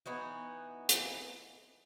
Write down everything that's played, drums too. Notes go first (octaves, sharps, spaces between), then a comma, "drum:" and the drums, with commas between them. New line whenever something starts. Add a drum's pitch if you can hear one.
E3 B3 D#4 F#4
drum: hi-hat